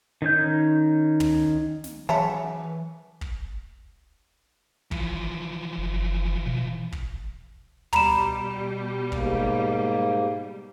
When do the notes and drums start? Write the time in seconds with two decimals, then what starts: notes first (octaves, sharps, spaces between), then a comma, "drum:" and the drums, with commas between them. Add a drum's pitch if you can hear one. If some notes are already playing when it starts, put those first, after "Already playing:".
0.22 D#3 C#4 G6
1.20 drum: tom
1.84 drum: snare
2.09 C#3 E3 F#3 C#4 E5 F#5 A5 A#5
3.21 drum: kick
4.91 E3 F3, drum: kick
5.78 F#1
6.46 B2
6.92 drum: kick
7.93 B2 G3 A#5 B5 E7, drum: tom
9.12 G#2 A#3, drum: kick